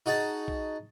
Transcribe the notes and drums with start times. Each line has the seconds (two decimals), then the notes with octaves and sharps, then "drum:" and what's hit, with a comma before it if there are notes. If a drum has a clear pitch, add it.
0.06 D#4 F#4 G#4 A5
0.48 drum: kick A#1